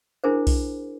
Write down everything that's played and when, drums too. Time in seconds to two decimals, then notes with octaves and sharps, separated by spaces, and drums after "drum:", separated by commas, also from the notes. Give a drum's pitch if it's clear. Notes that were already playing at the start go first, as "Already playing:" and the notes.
0.24 D4 E4 G#4 A#4 C5
0.47 drum: kick B1, open hi-hat